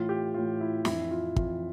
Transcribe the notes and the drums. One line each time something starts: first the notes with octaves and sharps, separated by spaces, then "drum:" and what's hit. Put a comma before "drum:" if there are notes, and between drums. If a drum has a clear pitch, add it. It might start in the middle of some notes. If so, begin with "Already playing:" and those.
Already playing: A2 E3 F4
G4
A2 E3 F4
E4
F2 E3 E4, drum: snare
F4
F2 E3 F4, drum: kick